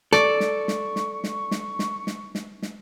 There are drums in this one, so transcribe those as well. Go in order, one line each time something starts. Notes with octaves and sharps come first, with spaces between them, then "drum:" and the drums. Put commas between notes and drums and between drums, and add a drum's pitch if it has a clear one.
A4 D5 C#6, drum: snare
drum: snare
drum: snare
drum: snare
drum: snare
drum: snare
drum: snare
drum: snare
drum: snare
drum: snare